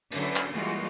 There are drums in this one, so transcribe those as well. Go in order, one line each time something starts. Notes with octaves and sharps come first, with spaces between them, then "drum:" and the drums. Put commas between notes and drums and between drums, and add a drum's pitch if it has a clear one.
D3 F#3 C#4 D4 E4 B4, drum: cymbal
drum: clap
E3 G3 G#3 A#3 F4 F#4